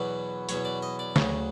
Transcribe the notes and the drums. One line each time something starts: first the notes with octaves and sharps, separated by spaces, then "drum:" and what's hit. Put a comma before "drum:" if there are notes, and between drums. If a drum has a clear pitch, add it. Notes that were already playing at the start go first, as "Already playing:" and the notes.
Already playing: E2 B2 F#3 D5
E2 B2 F#3 C#5, drum: hi-hat
D5
D#5
D5
D2 C#3 F#3, drum: snare